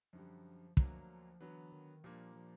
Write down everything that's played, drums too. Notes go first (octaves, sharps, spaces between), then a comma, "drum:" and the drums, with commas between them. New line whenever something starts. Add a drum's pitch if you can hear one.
F#2 D3 F3 G3
D2 D3 F3 F#3 A#3 D4, drum: kick
D3 E3 F#3 B3
D#3
A#2 F3 G3 A#3 D4
F3